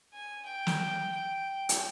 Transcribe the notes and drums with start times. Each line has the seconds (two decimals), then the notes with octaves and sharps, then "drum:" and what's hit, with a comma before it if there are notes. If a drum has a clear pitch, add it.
0.13 G#5
0.45 G5
0.67 drum: snare
1.12 G5
1.69 drum: hi-hat